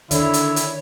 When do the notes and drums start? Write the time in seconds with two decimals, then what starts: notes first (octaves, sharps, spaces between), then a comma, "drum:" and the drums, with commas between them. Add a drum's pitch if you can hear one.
0.11 D3 D#3 E4 C#5 D5, drum: hi-hat
0.34 drum: hi-hat
0.56 drum: hi-hat